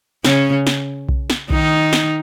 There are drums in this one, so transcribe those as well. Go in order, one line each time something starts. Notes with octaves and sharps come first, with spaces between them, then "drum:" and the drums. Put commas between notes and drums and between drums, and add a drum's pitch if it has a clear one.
C#3 C#4, drum: snare
drum: snare
drum: kick B1
drum: snare
D#3 D#4, drum: kick B1
drum: snare